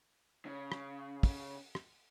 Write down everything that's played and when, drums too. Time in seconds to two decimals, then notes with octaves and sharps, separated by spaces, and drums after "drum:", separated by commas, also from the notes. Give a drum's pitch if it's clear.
0.46 C#3
0.72 drum: rim click
1.23 drum: kick, open hi-hat
1.75 drum: rim click